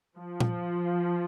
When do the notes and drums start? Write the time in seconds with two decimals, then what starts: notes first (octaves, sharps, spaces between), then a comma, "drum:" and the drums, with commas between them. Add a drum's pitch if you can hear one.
0.18 F3
0.40 drum: tom A#2